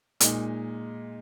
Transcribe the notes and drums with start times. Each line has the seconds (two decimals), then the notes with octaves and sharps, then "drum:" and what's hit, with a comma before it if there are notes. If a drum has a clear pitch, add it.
0.20 A#2 G#3 D#4, drum: hi-hat